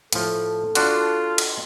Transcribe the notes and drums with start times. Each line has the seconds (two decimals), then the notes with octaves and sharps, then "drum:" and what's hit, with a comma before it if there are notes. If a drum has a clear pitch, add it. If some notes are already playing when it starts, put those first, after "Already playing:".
0.13 A2 F3 A4, drum: hi-hat
0.75 D4 F4 F#4, drum: hi-hat
1.38 drum: cymbal